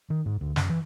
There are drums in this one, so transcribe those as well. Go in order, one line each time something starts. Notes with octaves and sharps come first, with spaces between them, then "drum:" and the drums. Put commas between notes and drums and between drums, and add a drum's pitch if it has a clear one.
D#3
G#2
D2
F#2, drum: snare
E3